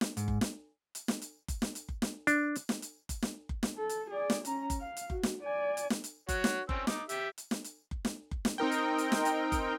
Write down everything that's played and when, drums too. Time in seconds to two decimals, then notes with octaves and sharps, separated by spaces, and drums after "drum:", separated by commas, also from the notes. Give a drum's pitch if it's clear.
0.01 drum: snare
0.17 G#2, drum: hi-hat
0.28 drum: kick F#1
0.41 drum: snare
0.95 drum: hi-hat
1.08 drum: snare
1.22 drum: hi-hat
1.48 drum: kick F#1, hi-hat
1.62 drum: snare
1.75 drum: hi-hat
1.89 drum: kick F#1
2.02 drum: snare
2.27 D4, drum: hi-hat
2.56 drum: hi-hat
2.69 drum: snare
2.82 drum: hi-hat
3.09 drum: kick F#1, hi-hat
3.22 drum: snare
3.49 drum: kick F#1
3.63 drum: snare
3.78 A4
3.89 drum: hi-hat
4.11 G#4 D5
4.30 drum: snare
4.45 C#4 A#5, drum: hi-hat
4.70 drum: kick F#1, hi-hat
4.80 F5
4.97 drum: hi-hat
5.10 F#4, drum: kick F#1
5.23 drum: snare
5.43 D5 G#5
5.77 drum: hi-hat
5.90 drum: snare
6.04 drum: hi-hat
6.29 F#4 C#5, drum: kick F#1, hi-hat
6.44 drum: snare
6.69 C4 C#4 E6, drum: kick F#1
6.87 D#4 D6, drum: snare
7.09 G4 E5, drum: hi-hat
7.38 drum: hi-hat
7.51 drum: snare
7.64 drum: hi-hat
7.91 drum: kick F#1
8.05 drum: snare
8.31 drum: kick F#1
8.45 drum: snare
8.58 C4 D#4 A#4 G5
8.72 drum: hi-hat
8.98 drum: hi-hat
9.12 drum: snare
9.25 drum: hi-hat
9.52 drum: kick F#1, hi-hat